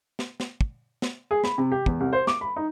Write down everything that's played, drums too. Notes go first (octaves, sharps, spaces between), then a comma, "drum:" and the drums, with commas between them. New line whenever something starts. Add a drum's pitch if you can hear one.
drum: snare
drum: snare
drum: kick
drum: snare
G#4
B5, drum: snare
C3
G4
E2, drum: kick
C2
C5
D6, drum: snare
B5
D#4